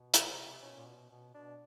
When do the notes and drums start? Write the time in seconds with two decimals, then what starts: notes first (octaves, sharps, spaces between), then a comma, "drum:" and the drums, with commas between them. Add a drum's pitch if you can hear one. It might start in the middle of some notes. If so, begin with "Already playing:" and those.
Already playing: B2
0.14 drum: hi-hat
0.26 C3 C4
0.62 B2 C#4
0.75 A#2
0.86 B2
1.10 B2
1.34 B2 D4